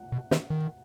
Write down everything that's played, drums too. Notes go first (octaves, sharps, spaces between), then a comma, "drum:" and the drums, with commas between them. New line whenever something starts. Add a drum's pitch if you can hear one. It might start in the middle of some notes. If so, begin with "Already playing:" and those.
Already playing: F#5
B2
D#3, drum: snare
D#3